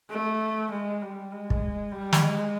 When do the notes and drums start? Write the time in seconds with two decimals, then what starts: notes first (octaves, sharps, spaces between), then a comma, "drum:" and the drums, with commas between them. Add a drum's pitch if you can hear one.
0.10 A3
0.71 G#3
1.02 G3
1.32 G#3
1.50 drum: kick
1.92 G3
2.13 drum: snare
2.23 G#3